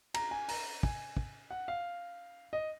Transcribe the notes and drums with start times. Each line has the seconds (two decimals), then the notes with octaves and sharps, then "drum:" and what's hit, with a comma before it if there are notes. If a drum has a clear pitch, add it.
0.14 A#5, drum: cymbal
0.31 G#5
0.49 A#5, drum: open hi-hat
0.83 G#5, drum: kick
1.17 drum: kick
1.51 F#5
1.68 F5
2.53 D#5